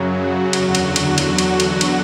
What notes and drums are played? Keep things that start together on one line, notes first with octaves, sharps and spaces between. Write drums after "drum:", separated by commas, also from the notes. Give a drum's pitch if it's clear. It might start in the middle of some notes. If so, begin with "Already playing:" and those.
Already playing: F#2 C#3 F#3 F#4
E2 D3 F#3, drum: cymbal
drum: cymbal
drum: cymbal
F#4, drum: cymbal
drum: cymbal
drum: cymbal
drum: cymbal